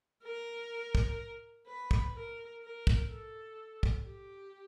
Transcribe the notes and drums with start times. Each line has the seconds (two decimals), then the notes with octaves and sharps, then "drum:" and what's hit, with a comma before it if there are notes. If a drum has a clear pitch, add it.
0.23 A#4
0.95 drum: kick
1.67 B4
1.91 drum: kick
2.15 A#4
2.63 A#4
2.87 drum: kick
3.11 A4
3.83 drum: kick
4.07 G4